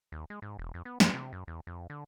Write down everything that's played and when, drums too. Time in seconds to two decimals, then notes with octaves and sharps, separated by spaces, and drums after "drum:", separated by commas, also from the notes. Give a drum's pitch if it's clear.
0.12 D#2
0.30 G#3
0.42 G#2
0.59 E1
0.74 F2
0.85 B3
1.00 F#2, drum: snare
1.14 C3
1.33 F#2
1.47 E2
1.67 F2
1.90 D3